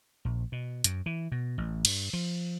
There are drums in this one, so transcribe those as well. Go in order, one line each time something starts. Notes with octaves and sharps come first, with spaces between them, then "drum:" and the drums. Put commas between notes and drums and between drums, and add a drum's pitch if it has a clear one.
A#1
B2
F#2, drum: hi-hat
E3
B2
A1
G2, drum: cymbal
F3